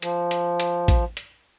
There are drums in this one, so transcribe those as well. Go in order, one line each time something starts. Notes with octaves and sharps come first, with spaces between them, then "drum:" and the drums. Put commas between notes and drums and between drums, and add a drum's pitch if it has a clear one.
F3, drum: hi-hat
drum: hi-hat
drum: hi-hat
drum: kick A1, hi-hat
drum: hi-hat